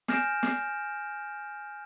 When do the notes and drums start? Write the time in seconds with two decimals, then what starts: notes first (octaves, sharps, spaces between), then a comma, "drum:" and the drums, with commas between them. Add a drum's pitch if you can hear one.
0.08 G#5 F6 G6 A#6 D7 E7, drum: snare
0.43 drum: snare